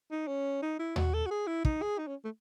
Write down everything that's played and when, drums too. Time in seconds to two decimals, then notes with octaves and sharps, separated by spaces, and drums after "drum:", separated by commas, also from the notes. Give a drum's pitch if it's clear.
0.11 D#4
0.27 C#4
0.62 D#4
0.79 E4
0.96 F#4, drum: tom D#2
1.14 A4
1.26 F#4
1.31 G#4
1.47 E4
1.65 D#4, drum: kick
1.82 G#4
1.98 D#4
2.07 C#4
2.24 A3